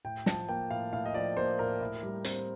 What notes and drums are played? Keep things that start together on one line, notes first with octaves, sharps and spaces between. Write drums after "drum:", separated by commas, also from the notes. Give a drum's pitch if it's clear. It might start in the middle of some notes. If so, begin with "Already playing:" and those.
A2 G5
F3 A5, drum: snare
A#3 G5
A2 F5
A2 F5
D#5
F3 D5
A#3 C5
A2 A#4
A2
G3
C4, drum: hi-hat